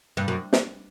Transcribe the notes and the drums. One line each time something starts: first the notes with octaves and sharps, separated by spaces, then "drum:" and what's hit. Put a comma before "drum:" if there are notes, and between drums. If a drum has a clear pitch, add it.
G2
F#2
drum: snare